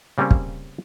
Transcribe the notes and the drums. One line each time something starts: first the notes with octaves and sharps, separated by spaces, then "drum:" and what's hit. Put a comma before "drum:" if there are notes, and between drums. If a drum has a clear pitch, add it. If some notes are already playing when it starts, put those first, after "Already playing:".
C#3 G3 A#3 C4 C#4
drum: kick